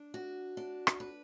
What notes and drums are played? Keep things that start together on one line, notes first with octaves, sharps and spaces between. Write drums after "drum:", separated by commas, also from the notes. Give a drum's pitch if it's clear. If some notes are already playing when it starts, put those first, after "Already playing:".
Already playing: D4
F#4
D4
drum: rim click
B4